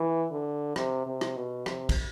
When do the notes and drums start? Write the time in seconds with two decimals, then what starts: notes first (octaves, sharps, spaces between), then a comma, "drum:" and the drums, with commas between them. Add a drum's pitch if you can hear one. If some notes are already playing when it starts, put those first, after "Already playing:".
Already playing: E3
0.31 D3
0.76 C3, drum: rim click
1.06 C3
1.21 drum: rim click
1.36 B2
1.66 C3, drum: rim click
1.89 drum: kick, cymbal